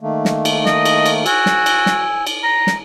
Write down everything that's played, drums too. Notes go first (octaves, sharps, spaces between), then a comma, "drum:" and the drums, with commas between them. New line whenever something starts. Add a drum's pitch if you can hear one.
D#3 A3 A#3
drum: snare
drum: cymbal
D#5, drum: snare
drum: cymbal
drum: cymbal
F#4 G#5 E6, drum: cymbal
drum: snare
drum: cymbal
drum: snare
drum: cymbal
A#5
drum: snare